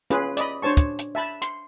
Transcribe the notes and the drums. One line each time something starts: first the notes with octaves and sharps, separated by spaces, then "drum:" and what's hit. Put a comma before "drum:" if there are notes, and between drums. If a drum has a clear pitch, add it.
C#4 F4 G#4 B4, drum: hi-hat
D5 D#5 B5, drum: hi-hat
D4 C5 C#5 A5 C#6
drum: kick, hi-hat
drum: hi-hat
E5 A5 B5
C6, drum: hi-hat